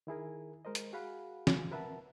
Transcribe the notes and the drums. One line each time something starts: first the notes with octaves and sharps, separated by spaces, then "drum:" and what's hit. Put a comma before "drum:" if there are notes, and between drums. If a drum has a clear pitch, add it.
D#3 E4 G#4 A#4
G#3 A#4 C5 D#5
drum: hi-hat
F#4 G#4 F5 F#5 B5
drum: snare
A#4 B4 E5 F#5 A5